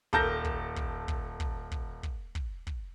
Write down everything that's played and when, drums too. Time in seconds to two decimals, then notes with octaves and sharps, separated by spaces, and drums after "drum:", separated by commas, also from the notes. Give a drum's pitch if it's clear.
0.13 D#1 A4 A#4 A5 G6 A#6, drum: kick
0.45 drum: kick
0.76 drum: kick
1.08 drum: kick
1.40 drum: kick
1.72 drum: kick
2.03 drum: kick
2.35 drum: kick
2.67 drum: kick